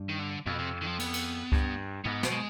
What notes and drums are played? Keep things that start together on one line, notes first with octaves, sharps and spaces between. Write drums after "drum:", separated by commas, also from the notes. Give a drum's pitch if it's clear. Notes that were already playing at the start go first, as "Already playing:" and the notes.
Already playing: G2
D#3
D3
F2 B2
C3
D#3
F3
B3, drum: cymbal
drum: cymbal
G2, drum: kick
G#2 B3
B2, drum: snare
G#3